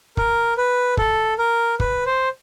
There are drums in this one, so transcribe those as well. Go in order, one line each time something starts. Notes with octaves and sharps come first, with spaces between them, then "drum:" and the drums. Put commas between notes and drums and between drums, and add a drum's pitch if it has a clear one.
A#4, drum: kick
B4
A4, drum: kick
A#4
B4, drum: kick
C5